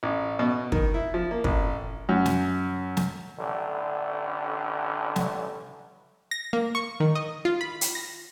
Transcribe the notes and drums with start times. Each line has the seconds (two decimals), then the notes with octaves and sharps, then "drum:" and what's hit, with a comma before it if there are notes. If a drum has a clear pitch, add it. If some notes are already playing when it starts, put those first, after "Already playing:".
0.03 A1
0.39 B2
0.72 D#3, drum: kick
0.94 E4
1.14 F3
1.31 A#3
1.44 A1, drum: kick
2.09 F#2
2.26 drum: snare
2.97 drum: snare
3.38 A1 D3
5.16 drum: snare
6.31 A#6
6.53 A#3
6.75 C#6
7.00 D#3
7.15 D#5
7.45 F4
7.61 B5
7.81 drum: hi-hat
7.95 A#6